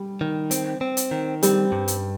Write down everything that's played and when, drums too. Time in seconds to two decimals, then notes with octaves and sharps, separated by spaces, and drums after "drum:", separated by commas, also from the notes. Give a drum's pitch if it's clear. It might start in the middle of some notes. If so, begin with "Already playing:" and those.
Already playing: G3
0.21 D#3
0.51 C4, drum: hi-hat
0.81 C4
0.97 drum: hi-hat
1.11 D#3
1.43 G3 C4, drum: hi-hat
1.72 G2
1.88 drum: hi-hat